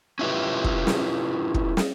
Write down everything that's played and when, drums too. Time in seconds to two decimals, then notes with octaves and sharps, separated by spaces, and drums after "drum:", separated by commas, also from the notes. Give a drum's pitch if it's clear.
0.19 C#4 D4 E4 F4 G4 B4
0.64 drum: kick
0.87 drum: snare
1.54 drum: kick
1.77 drum: snare